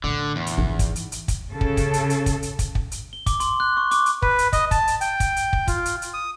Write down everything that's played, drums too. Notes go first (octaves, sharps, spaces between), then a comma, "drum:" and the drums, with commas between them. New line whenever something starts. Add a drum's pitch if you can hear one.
A2 D3
E2
drum: hi-hat
G#1 D#4
drum: kick, hi-hat
drum: hi-hat
drum: hi-hat
drum: kick, hi-hat
C#3 A4
drum: kick
drum: kick, hi-hat
drum: hi-hat
drum: hi-hat
drum: kick, hi-hat
drum: hi-hat
drum: kick, hi-hat
drum: kick
drum: hi-hat
G7
D6, drum: kick, hi-hat
C6, drum: hi-hat
F#6
C#6
D6, drum: hi-hat
drum: hi-hat
B4, drum: kick
drum: hi-hat
D#5, drum: kick, hi-hat
A5, drum: kick, hi-hat
drum: hi-hat
G5, drum: hi-hat
drum: kick, hi-hat
drum: hi-hat
drum: kick
F4, drum: kick, hi-hat
drum: hi-hat
drum: hi-hat
D#6